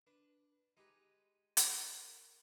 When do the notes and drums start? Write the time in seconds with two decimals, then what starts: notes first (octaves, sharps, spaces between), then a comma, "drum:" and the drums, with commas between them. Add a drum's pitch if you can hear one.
0.07 D4 B4
0.77 G#3 D#4 G4 B4
1.57 drum: hi-hat
1.76 A#4